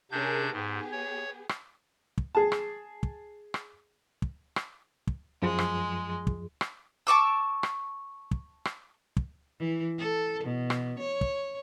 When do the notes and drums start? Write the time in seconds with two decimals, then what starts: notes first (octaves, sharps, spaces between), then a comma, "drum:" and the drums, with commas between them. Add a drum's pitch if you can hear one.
0.11 C3 C#4 D4 G#4 A#4 G6
0.53 G#2 B3 G4 G#4
0.91 C#5
1.49 drum: rim click
2.18 drum: kick
2.35 G#4 A5
2.52 drum: rim click
3.03 drum: kick
3.54 drum: rim click
4.22 drum: kick
4.56 drum: rim click
5.07 drum: kick
5.42 F#2 F3 G#3 G#4
5.59 drum: rim click
6.27 drum: kick
6.61 drum: rim click
7.07 A5 C#6 D6 E6
7.63 drum: rim click
8.31 drum: kick
8.65 drum: rim click
9.17 drum: kick
9.59 E3
9.99 A4
10.44 B2
10.70 drum: rim click
11.00 C#5
11.21 drum: kick